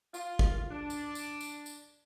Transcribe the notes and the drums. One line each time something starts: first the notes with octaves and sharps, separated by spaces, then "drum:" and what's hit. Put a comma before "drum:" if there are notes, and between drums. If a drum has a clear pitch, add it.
F4, drum: tambourine
drum: kick
D4
drum: tambourine
drum: tambourine
drum: tambourine
drum: tambourine